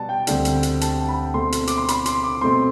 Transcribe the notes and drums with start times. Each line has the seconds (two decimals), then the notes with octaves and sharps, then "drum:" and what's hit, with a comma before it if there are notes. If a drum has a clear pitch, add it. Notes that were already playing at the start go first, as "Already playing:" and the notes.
Already playing: B2 G3 B3 A5
0.09 G5
0.27 D2 D3 G3 C4, drum: hi-hat
0.45 drum: hi-hat
0.63 drum: hi-hat
0.81 A5, drum: hi-hat
1.01 A5
1.08 B5
1.34 B2 A3 C4 C6
1.52 drum: hi-hat
1.67 D6, drum: hi-hat
1.77 C6
1.88 B5, drum: hi-hat
2.06 C6, drum: hi-hat
2.24 D6
2.41 B2 A3 C4 C6